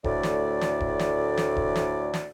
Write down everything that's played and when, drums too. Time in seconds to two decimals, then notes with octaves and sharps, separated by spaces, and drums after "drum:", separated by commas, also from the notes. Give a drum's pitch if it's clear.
0.04 D2 A2 D5, drum: kick E1
0.23 drum: snare
0.61 drum: snare
0.80 drum: kick E1
0.99 drum: snare
1.37 drum: snare
1.56 drum: kick E1
1.76 drum: snare
2.14 drum: snare